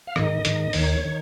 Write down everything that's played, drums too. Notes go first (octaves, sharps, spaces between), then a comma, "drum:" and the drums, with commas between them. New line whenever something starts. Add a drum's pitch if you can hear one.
F5
G#2 D#3 D#5, drum: rim click
G#2 D#3, drum: hi-hat
D#2 D#3 C#5, drum: open hi-hat
D#3